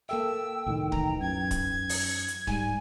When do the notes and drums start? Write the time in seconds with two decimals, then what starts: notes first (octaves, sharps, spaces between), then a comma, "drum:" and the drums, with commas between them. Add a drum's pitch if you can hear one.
0.09 A#3 A4 E5 G5 E6
0.66 C2 A2 D#3
0.92 E3 D#4 A#5, drum: kick D1
1.20 F#2 G#6
1.51 drum: kick D1, hi-hat
1.89 drum: open hi-hat
2.28 drum: hi-hat
2.47 G#2 G3 G#5, drum: kick D1